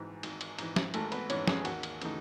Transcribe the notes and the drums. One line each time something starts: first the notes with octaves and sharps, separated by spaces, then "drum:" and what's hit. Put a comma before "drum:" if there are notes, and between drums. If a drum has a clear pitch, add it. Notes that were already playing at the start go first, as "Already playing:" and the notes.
Already playing: G#1 G#2 E3
G#1, drum: cymbal
drum: cymbal
G#2 E3, drum: cymbal
drum: snare
G#1 A3 A4, drum: cymbal
B3 B4, drum: cymbal
G#2 E3 C#4 C#5, drum: cymbal
G#4 G#5, drum: snare
D#2 F#4 F#5, drum: cymbal
drum: cymbal
C#3 E3 A3 D#4, drum: cymbal